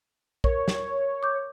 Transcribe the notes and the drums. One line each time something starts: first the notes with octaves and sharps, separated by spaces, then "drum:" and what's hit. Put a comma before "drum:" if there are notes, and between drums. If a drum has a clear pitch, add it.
A#4 C#5, drum: kick
drum: snare
D6 G6